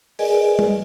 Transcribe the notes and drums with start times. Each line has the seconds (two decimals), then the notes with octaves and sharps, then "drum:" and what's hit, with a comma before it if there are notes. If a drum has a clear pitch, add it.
0.19 G#4 A#4 B4 D5 D#5 G#5, drum: open hi-hat
0.59 drum: tom